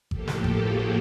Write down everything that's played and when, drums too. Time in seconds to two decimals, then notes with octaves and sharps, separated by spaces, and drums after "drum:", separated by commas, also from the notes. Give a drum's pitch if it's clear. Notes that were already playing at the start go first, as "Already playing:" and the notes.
0.11 A2 F3 A#3 G4 A4, drum: kick G#1
0.28 drum: snare
0.44 drum: kick G#1
0.61 F#4 G#4